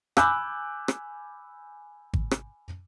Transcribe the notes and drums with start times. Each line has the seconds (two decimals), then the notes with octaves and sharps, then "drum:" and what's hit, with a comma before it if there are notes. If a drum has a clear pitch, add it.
0.17 G#5 B5 D6 E6 F#6 G6, drum: rim click
0.88 drum: rim click
2.14 drum: kick G#1
2.31 drum: rim click